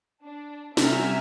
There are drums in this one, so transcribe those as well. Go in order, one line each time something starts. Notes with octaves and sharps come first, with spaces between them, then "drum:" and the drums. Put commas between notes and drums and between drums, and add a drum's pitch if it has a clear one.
D4
C3 G3 F#4 E5 G#5 A#5 F6, drum: snare